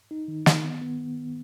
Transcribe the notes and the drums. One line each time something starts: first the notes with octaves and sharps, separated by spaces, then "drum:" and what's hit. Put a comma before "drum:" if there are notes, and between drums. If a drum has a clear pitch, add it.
D#4
D#3
D#3, drum: snare
B3
B3